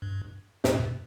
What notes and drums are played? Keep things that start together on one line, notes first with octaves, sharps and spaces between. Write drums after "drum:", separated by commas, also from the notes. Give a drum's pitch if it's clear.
G2
F2 A#2, drum: snare
G2
F2 A#2